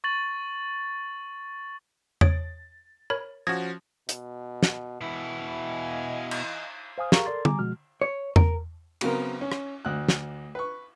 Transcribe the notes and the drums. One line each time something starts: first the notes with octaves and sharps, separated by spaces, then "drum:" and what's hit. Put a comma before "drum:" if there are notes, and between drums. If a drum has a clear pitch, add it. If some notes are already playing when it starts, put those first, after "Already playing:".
C#6 A6 F#7
C#5 D#6 A6 D7, drum: tom E2
A#4 C#5 B5
F3 C#4 F#4 D#6 G#6 A#6
B2, drum: hi-hat
drum: snare
B2 E3 E4
D#5 F5 G#5
drum: cymbal
C5 F5 G#5 D#6 F6
G4 G#4 A#4 F5 A#5 C#6, drum: snare
A4 A#4 D5 C6 A6
G3 G#5 A#5 D6, drum: tom
B2 F3 G#3 F#4 F6
C#5
A#4, drum: tom E2
C#3 F#3 B3 C4 A#4, drum: cymbal
C#4
drum: rim click
D2 F#6
drum: snare
B4 C#6